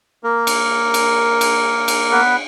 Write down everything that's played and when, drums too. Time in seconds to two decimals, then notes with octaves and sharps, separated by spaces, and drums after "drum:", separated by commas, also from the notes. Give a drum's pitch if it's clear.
0.23 A#3 A#4
0.47 drum: cymbal
0.94 drum: cymbal
1.41 drum: cymbal
1.88 drum: cymbal
2.11 B3 B4